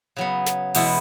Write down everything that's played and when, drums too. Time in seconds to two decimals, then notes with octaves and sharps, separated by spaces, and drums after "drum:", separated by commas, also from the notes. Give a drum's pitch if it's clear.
0.17 C#3 F#3 B3
0.46 drum: snare
0.75 E2 B2 G#3 B3 E4, drum: open hi-hat